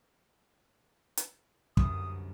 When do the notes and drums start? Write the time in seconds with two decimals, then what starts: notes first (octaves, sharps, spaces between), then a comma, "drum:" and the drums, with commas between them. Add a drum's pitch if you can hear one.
1.17 drum: hi-hat
1.77 G1 C2 F#2 D#6, drum: kick